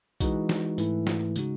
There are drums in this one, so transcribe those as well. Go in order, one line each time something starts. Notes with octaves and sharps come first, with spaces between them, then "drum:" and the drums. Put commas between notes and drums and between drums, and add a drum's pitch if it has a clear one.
E3 G#3 D#4 F#4, drum: kick A#1, tambourine
drum: snare
G#2 E3 A3 E4, drum: tambourine
drum: snare
C#3 G#3 D#4 F#4, drum: tambourine